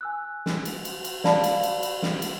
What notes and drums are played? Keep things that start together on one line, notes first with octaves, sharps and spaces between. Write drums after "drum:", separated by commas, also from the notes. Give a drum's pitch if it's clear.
G#5 E6 F#6
drum: snare
drum: cymbal
drum: cymbal
drum: cymbal
D5 F5 A5 B5, drum: snare
drum: cymbal
drum: cymbal
drum: cymbal
drum: snare
drum: cymbal